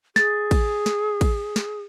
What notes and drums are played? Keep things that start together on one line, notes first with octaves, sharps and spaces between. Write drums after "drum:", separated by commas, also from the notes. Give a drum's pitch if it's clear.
G#4 A6, drum: snare
drum: kick, cymbal
drum: snare
drum: kick, cymbal
drum: snare